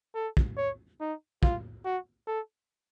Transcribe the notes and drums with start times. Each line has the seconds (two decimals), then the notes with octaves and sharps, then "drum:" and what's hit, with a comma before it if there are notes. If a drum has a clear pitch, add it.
0.15 A4
0.37 drum: kick
0.57 C#5
1.00 D#4
1.43 F4, drum: kick
1.85 F#4
2.27 A4